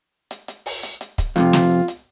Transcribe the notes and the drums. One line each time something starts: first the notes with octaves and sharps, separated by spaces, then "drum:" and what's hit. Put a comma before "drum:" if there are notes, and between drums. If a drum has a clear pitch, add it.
drum: hi-hat
drum: hi-hat
drum: open hi-hat
drum: hi-hat
drum: hi-hat
drum: kick, hi-hat
F2 A2 C3 F4, drum: hi-hat
drum: snare
drum: hi-hat